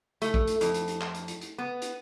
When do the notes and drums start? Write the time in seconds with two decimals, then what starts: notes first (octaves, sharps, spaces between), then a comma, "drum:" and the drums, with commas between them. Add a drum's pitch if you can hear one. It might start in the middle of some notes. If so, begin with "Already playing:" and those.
0.22 A3, drum: hi-hat
0.34 drum: kick
0.47 drum: hi-hat
0.61 F2, drum: hi-hat
0.74 drum: hi-hat
0.88 drum: hi-hat
1.01 drum: clap
1.15 drum: hi-hat
1.28 drum: hi-hat
1.41 drum: hi-hat
1.58 B3
1.82 drum: hi-hat